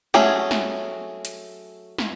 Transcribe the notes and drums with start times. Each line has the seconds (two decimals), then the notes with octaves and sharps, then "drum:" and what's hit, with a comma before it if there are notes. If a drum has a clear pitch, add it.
0.14 F#3 A3 C#4 G#4, drum: snare
0.51 drum: snare
1.25 drum: hi-hat
1.98 drum: snare